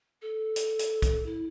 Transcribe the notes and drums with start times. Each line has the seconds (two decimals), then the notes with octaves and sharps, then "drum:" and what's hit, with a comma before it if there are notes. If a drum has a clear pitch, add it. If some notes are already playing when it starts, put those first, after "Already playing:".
0.21 A4
0.56 drum: hi-hat
0.79 drum: hi-hat
1.02 drum: kick, hi-hat
1.25 E4